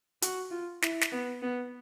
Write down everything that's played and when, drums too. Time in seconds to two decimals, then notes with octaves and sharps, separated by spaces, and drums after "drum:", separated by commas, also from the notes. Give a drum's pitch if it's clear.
0.22 F#4, drum: hi-hat
0.51 F4
0.82 E4, drum: snare
1.01 drum: snare
1.12 B3
1.42 B3